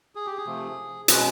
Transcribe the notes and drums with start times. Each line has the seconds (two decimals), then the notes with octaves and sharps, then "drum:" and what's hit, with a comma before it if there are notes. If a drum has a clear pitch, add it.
0.15 G#4
0.26 G4
0.37 G#4
0.46 C3 F3 A3
1.08 B2 G#3 C#4 B4, drum: hi-hat